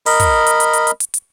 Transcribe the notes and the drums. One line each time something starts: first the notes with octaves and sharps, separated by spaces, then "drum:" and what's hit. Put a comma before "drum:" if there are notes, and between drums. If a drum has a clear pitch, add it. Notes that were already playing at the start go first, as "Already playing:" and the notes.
A#4 D#5 B5, drum: open hi-hat
drum: kick, hi-hat
drum: hi-hat
drum: hi-hat
drum: hi-hat
drum: hi-hat
drum: hi-hat
drum: hi-hat